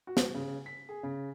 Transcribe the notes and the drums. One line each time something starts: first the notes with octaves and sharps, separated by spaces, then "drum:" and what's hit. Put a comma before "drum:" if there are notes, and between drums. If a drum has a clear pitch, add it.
F#4
drum: snare
C#3
B6
G#4
C#3